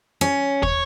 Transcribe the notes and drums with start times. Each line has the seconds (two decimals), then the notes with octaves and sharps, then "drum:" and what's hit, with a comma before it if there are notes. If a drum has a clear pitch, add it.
0.21 C#4
0.63 C#5, drum: kick